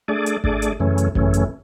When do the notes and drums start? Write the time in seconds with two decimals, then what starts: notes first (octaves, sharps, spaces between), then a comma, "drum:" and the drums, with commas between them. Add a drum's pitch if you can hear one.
0.08 A3 D4 G#4 D5
0.26 drum: hi-hat
0.44 A3 D4 G#4 D5, drum: kick G#1
0.62 drum: hi-hat
0.80 F#2 C#3 E3 A3 C#4
0.98 drum: hi-hat
1.15 F#2 C#3 E3 A3 C#4, drum: kick G#1
1.34 drum: hi-hat